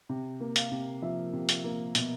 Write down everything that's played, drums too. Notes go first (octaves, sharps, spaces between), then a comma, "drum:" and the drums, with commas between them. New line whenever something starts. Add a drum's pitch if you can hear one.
C3
A#3
F5, drum: hi-hat
C3
F3 E5
C3
drum: hi-hat
A#3
B2, drum: hi-hat